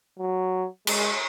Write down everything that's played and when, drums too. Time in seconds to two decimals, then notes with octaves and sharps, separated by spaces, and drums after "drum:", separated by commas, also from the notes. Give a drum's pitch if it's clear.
0.19 F#3
0.87 G#3, drum: cymbal